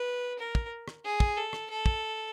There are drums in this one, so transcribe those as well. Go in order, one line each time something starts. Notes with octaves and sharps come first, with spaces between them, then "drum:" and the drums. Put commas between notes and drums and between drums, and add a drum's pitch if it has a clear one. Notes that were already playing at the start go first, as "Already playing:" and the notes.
Already playing: B4
A#4
drum: kick
drum: rim click
G#4
drum: kick
A4
drum: rim click
A4
drum: kick